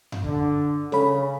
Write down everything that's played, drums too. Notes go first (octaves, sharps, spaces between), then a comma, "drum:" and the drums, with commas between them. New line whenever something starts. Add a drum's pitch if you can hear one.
drum: tom F#2
D3, drum: kick
C#3 A4 C#5 B5, drum: snare